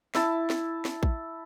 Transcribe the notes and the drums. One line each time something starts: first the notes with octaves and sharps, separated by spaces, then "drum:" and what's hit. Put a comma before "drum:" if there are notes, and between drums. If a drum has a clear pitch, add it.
E4 A5, drum: snare
drum: snare
drum: snare
drum: kick